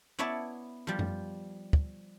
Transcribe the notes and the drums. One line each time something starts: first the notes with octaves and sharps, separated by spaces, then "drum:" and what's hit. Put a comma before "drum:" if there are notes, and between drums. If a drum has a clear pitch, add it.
B3 E4 C#5 D5 E5 A5
F3 G3
drum: tom F#2
drum: kick